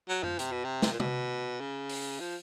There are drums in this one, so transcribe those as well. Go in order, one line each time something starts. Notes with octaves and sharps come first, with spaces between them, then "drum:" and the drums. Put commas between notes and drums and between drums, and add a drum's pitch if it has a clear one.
F#3
F3, drum: tom F#2
C3, drum: hi-hat
B2
C3
drum: snare
A#2
B2, drum: tom
C#3
drum: open hi-hat
F3